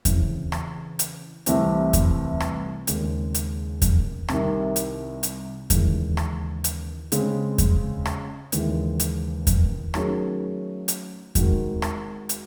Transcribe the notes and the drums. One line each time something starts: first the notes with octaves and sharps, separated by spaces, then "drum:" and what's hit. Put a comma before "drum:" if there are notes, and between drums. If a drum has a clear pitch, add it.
C#3 E3 C4, drum: kick E2, hi-hat
drum: rim click
drum: hi-hat
C2 C3 E3 A3 C4, drum: hi-hat
drum: kick E2, hi-hat
drum: rim click
D#2 C#3 G#3 C4, drum: hi-hat
drum: hi-hat
drum: kick E2, hi-hat
C2 C3 D#3, drum: rim click
drum: hi-hat
drum: hi-hat
D#2 C#3 E3 G#3, drum: kick E2, hi-hat
drum: rim click
drum: hi-hat
C#3 G#3 C4, drum: hi-hat
drum: kick E2, hi-hat
drum: rim click
D#2 C#3 E3 G#3, drum: hi-hat
drum: hi-hat
drum: kick E2, hi-hat
D#3 F#3 A3 C#4 G#4, drum: rim click
drum: hi-hat
D#3 G#3 C4 F#4, drum: kick E2, hi-hat
drum: rim click
drum: hi-hat